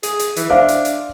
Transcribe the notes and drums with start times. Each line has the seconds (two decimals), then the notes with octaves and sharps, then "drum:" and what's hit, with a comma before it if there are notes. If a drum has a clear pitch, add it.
0.03 G#4, drum: hi-hat
0.19 drum: hi-hat
0.36 E3, drum: hi-hat
0.50 D4 C5 E5 F5
0.68 drum: hi-hat
0.85 drum: hi-hat